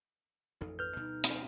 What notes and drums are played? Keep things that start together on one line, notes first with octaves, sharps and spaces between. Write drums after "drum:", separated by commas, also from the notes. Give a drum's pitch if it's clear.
A1 F2 D#4 A4
B4 F6 G6
D2 B2 G3 D#4
B5, drum: hi-hat